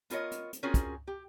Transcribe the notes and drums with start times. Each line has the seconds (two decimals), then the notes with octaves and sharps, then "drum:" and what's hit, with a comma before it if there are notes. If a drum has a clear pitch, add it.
0.10 B3 F4 A#4 C#5 D#5, drum: hi-hat
0.31 drum: hi-hat
0.53 drum: hi-hat
0.63 C4 C#4 F4 F#4 G#4 A#4
0.74 drum: kick, hi-hat
1.07 G4